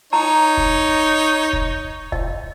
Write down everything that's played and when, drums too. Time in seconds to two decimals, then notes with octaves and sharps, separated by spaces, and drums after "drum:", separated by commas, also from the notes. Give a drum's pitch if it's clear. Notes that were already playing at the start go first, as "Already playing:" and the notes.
0.13 D#4 C#5 A#5
0.57 drum: kick
1.53 drum: kick
2.12 D#5, drum: kick